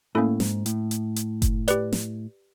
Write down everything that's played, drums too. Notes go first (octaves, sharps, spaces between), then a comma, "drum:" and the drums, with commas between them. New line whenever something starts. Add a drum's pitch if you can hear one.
A2 A#3 C#4 E4 A4
G#2, drum: snare
A2, drum: hi-hat
drum: hi-hat
drum: hi-hat
drum: kick F#1, hi-hat
G4 B4 D5, drum: hi-hat
drum: snare